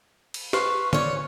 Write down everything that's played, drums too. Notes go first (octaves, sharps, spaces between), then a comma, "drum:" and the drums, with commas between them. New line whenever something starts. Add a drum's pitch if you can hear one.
drum: cymbal
B4 C5 F5 C#6, drum: snare
C#4 C#5 D5, drum: tom